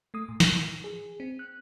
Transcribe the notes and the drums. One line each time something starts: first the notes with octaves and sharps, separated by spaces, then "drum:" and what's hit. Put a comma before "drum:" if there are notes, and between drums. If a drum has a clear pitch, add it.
A3 D#6
A2
drum: snare
G#4
C4
F#6